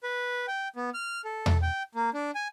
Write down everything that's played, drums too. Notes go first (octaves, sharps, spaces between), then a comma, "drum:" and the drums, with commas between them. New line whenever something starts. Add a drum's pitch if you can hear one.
B4
G5
B3
F6
A4
drum: tom E2
G5
A#3
D4
G#5